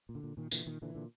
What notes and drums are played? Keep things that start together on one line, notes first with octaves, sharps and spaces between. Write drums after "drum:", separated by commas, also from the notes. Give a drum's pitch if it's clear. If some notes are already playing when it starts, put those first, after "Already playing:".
A#2
D3
A#2
A#2 D#3
A#2 D3 E3, drum: tambourine
A#2 D#3
A#2 D3 E3
A#2 D3